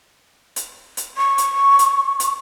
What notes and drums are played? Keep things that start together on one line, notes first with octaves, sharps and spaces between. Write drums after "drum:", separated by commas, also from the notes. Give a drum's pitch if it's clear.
drum: hi-hat
drum: hi-hat
C#6
drum: hi-hat
drum: hi-hat
drum: hi-hat